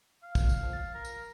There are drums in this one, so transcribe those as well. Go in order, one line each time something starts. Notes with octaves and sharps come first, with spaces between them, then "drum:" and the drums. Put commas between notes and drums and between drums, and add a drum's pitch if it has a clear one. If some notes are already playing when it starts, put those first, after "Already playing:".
F5
A#2 D3, drum: kick, tambourine
drum: tambourine
A#1 F3
A6
A#4
drum: tambourine